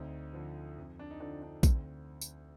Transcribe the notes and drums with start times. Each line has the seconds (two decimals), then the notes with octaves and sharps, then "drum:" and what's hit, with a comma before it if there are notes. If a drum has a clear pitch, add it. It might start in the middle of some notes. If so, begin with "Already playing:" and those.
Already playing: D2 C4 D#4
0.33 D3 F3
0.77 F2
0.99 D4
1.11 D#4
1.20 D3 F3 D4
1.42 D4
1.63 D2 C4, drum: kick A#1, tambourine
2.21 drum: tambourine